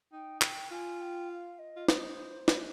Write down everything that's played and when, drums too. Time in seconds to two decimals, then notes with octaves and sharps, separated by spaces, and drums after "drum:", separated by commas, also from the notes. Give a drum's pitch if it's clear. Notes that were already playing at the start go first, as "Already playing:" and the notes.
0.12 D#4 G5
0.42 G5, drum: clap
0.71 F4 G#5
1.01 G5
1.30 F5
1.59 D#5
1.76 F4
1.88 D#4 C5, drum: snare
2.48 D4, drum: snare